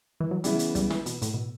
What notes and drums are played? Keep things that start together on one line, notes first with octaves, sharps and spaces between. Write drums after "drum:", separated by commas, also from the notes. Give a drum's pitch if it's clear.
E3
F#3
C#3 E3 G3 B3 E4, drum: hi-hat
drum: hi-hat
G3, drum: kick, hi-hat
E3, drum: snare
B2, drum: hi-hat
A2, drum: hi-hat
B2